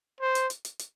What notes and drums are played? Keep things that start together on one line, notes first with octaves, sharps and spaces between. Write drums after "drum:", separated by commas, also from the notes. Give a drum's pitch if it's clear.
C5
drum: hi-hat
drum: hi-hat
drum: hi-hat
drum: hi-hat